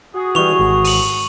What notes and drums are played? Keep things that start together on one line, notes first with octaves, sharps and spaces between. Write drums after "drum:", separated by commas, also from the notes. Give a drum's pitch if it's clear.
F#4 G#4
E3 G3 C#6 F7
G#1
D#7 F#7, drum: open hi-hat